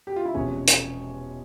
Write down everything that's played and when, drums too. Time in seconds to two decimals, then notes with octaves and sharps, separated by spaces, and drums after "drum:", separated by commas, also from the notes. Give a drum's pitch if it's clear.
0.07 G4
0.16 F4
0.25 E4
0.34 E1 E2 C3 F3 G#3 C#4
0.68 drum: hi-hat